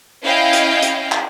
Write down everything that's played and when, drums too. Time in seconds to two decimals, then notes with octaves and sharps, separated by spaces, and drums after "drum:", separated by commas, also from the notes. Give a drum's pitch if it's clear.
0.24 C#4 E4 D#5 F5 G5
0.53 drum: hi-hat
0.82 drum: hi-hat
1.12 drum: clap